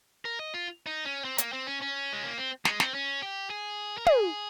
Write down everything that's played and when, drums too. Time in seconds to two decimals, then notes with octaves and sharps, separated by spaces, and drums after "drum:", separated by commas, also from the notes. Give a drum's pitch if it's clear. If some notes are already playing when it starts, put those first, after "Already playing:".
0.25 A#4
0.39 D#5
0.54 F4
0.86 D#4
1.05 C#4
1.24 C4
1.38 A#3, drum: hi-hat
1.53 C4
1.67 C#4
1.82 C#4
2.13 G#3
2.25 A#3
2.37 C4
2.65 G#3, drum: snare
2.80 C4, drum: snare
2.94 C#4
3.22 G4
3.50 G#4
3.98 A#4
4.07 G#4, drum: tom